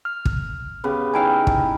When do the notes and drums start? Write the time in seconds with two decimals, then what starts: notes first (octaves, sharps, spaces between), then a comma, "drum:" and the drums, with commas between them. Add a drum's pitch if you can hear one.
0.05 F6
0.25 drum: kick
0.84 C#3 B3 G4
1.14 D#4 E4 F5 G5 G#5
1.47 drum: kick